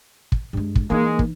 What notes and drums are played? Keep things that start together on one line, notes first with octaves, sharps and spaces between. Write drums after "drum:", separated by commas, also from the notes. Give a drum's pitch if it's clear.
drum: kick
G2 G#3
drum: kick
E3 G#3 A#3 D#4
drum: kick